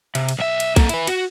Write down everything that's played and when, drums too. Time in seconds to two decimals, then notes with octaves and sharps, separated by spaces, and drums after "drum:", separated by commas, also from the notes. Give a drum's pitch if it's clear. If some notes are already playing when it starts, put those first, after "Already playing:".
0.15 C3, drum: cymbal
0.29 drum: cymbal
0.39 B1 E5
0.60 drum: cymbal
0.76 A#3 A4, drum: kick B1, cymbal
0.89 E4 B4, drum: cymbal
1.07 F#4, drum: cymbal